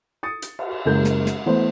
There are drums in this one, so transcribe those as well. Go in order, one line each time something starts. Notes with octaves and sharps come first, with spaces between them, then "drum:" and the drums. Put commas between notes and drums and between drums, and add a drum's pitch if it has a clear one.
D#6 A6 C#7
drum: hi-hat
drum: cymbal
F#1 G#3 A#4 G6
drum: snare
drum: snare
E3 A3 B3 C5